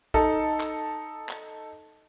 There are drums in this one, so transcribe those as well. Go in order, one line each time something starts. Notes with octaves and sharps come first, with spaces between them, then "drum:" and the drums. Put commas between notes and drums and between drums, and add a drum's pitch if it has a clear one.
D#4 A4, drum: kick
drum: clap
drum: clap